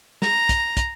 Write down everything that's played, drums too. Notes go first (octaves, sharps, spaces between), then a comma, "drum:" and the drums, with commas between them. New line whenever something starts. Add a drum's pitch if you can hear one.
A#5, drum: snare
drum: kick, hi-hat
drum: kick, hi-hat